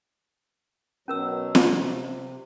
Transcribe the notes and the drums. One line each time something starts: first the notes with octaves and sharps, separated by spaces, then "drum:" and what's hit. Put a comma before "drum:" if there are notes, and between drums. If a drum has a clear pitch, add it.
B2 F#3 C#4 A#4 E6
drum: snare
C3